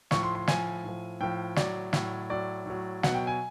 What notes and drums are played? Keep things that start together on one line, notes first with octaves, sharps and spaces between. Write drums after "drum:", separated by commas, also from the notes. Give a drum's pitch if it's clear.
A2 F3 C#6, drum: snare
C6
C6
A2 F3 G#5, drum: snare
A2 F3
A2 F3 G5
A2 F#3 D5, drum: snare
A2 F#3, drum: snare
A2 F#3 D5
A2 F#3
B2 F#3 F#5, drum: snare
G5
G#5